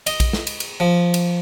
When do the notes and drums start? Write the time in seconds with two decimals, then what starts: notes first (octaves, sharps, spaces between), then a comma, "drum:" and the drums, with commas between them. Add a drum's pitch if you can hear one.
0.07 D#5, drum: cymbal
0.20 drum: kick A#1, cymbal
0.33 drum: snare
0.47 drum: cymbal
0.60 drum: cymbal
0.80 F3
1.14 drum: cymbal